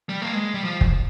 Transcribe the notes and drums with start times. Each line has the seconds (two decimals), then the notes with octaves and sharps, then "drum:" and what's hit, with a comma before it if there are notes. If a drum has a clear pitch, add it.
0.09 G3
0.22 A#3
0.32 G#3
0.54 G3
0.64 F3
0.81 drum: kick